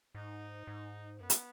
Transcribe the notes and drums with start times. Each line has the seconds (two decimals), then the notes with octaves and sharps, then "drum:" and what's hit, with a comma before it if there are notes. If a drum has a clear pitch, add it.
0.15 G#2 D#4
0.67 G#2
1.20 F#2 B3
1.30 drum: hi-hat